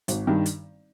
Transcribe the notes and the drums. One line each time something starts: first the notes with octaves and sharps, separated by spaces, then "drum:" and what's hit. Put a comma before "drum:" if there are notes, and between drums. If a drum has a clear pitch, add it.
G#1, drum: hi-hat
G2 D#3
drum: hi-hat